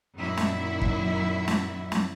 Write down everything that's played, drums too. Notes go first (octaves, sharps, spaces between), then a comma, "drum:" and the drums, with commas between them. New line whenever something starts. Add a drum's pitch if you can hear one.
F#2 A#2 D#3 F#3 E4 E5
drum: snare
drum: kick
drum: snare
drum: snare